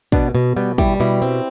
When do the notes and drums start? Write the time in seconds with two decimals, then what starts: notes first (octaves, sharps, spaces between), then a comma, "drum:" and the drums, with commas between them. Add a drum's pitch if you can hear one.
0.12 B2 B3 D4, drum: kick
0.35 B2
0.56 B2 G3 B3
0.78 G3 E4 G4, drum: kick
1.00 B2 E4 G4
1.22 C4